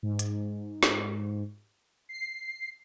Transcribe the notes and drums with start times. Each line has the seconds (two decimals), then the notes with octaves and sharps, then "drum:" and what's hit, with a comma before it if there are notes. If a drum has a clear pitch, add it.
0.03 G#2
0.19 drum: hi-hat
0.83 drum: snare
2.09 C7